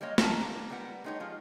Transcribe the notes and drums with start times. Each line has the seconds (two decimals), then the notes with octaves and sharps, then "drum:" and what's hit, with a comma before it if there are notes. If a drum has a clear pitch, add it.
0.01 G3 G#3 A#3 C#5 D#5
0.18 D4 A#4 A5 A#5, drum: snare
0.41 G3 A#3
0.70 G3 B3 A#4 B4 F#5
1.04 G#3 A3 D#4 G4 C#5
1.20 F3 G#3 F4